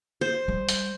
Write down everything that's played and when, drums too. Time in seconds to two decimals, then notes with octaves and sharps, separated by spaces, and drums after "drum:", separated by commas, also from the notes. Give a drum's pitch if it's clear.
0.21 C5
0.48 G3
0.69 drum: hi-hat